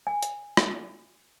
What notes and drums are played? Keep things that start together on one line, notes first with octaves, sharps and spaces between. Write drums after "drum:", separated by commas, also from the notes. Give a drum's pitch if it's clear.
G#5
drum: hi-hat
drum: rim click